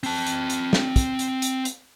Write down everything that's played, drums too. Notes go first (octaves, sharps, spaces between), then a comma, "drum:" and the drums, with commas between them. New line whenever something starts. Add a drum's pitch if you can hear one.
C4 A5, drum: open hi-hat
drum: hi-hat
drum: hi-hat
drum: snare
drum: kick, hi-hat
drum: hi-hat
drum: hi-hat
drum: hi-hat